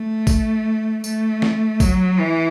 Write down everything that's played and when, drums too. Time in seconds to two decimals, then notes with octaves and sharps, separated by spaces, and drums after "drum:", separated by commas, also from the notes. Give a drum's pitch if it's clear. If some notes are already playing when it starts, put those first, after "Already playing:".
Already playing: A3
0.27 drum: kick A1, tambourine
1.04 A3, drum: tambourine
1.42 drum: snare
1.80 F#3, drum: kick A1, tambourine
2.19 E3